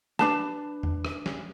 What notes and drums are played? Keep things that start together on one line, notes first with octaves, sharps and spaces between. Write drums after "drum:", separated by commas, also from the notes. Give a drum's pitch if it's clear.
D4 B4 A5, drum: snare
drum: tom E2
drum: rim click
drum: snare